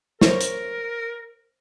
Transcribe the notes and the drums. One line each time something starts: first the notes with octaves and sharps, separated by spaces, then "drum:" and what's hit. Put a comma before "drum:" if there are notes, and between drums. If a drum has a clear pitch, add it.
A#4 C5 C#5 C#6, drum: snare
drum: hi-hat